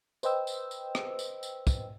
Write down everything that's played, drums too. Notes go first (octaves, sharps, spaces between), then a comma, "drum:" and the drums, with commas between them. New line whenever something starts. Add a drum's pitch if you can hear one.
B4 C5 D#5 G5 E6, drum: tambourine
drum: tambourine
drum: tambourine
drum: rim click
drum: tambourine
drum: tambourine
drum: kick, tambourine